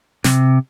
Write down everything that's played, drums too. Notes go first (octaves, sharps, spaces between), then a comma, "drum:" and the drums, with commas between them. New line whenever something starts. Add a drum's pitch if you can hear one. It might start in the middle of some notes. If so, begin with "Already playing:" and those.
C3, drum: snare